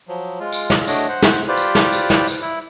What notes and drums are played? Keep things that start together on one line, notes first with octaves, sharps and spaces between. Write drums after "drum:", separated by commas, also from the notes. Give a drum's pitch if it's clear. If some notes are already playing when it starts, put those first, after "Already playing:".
F3 F#3
G#3 F4
drum: tambourine
drum: snare
A3 D4 F#4 C#5 D#5, drum: tambourine
C5 F#5
drum: snare
F4 G4 B4 C5 D5
drum: tambourine
drum: snare
drum: tambourine
drum: snare
drum: tambourine
E4